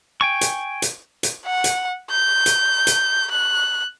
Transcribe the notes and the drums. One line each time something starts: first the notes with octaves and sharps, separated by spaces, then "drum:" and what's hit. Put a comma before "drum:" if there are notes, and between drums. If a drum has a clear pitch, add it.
G5 G#5 C#6
drum: hi-hat
drum: hi-hat
drum: hi-hat
F#5
drum: hi-hat
G6
drum: hi-hat
drum: hi-hat
F#6